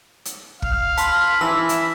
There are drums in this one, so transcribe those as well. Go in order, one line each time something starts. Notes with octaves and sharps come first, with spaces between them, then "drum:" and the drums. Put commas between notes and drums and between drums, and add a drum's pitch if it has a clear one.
drum: hi-hat
F5, drum: kick
A5 B5 C6 F6, drum: hi-hat
E3 E4 E6
E5, drum: hi-hat